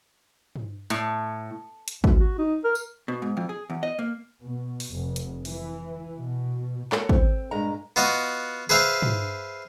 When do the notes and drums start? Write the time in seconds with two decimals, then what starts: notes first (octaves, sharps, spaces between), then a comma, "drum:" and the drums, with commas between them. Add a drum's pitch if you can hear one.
0.56 drum: tom
0.90 A2, drum: hi-hat
1.88 drum: hi-hat
2.04 D2, drum: kick
2.20 F#4
2.38 D#4
2.64 A#4
2.75 drum: tambourine
3.08 B2
3.22 G#2
3.37 F2
3.49 G#4
3.70 E2
3.83 D#5
3.99 A#3
4.44 B2
4.80 drum: open hi-hat
4.94 F1
5.16 drum: hi-hat
5.45 E3, drum: open hi-hat
6.20 B2
6.92 A#3 F#4 A4 C#5, drum: clap
7.09 C4, drum: kick
7.51 G2 A#2 G#3 A#5
7.96 B3 F4 F#4 D#5
8.69 G#4 B4 C5 E5 F5
9.02 drum: tom